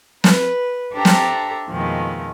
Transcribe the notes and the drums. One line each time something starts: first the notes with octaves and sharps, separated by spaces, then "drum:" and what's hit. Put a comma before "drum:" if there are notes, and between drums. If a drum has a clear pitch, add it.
B4, drum: snare
D4 G4 A4 C5 E5 A#5
drum: snare
F2 B2 D#3 F3 G#3 A3